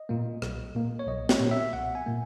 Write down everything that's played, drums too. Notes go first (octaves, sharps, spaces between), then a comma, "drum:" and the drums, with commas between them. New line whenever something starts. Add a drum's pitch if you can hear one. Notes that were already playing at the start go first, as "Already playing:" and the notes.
Already playing: D#5
A#2 A#3
B1, drum: rim click
A#2 A#3
C#5
B1 D#5
C#5, drum: snare
A#2 A#3
E5
B1 F#5
G#5
A#2 A#3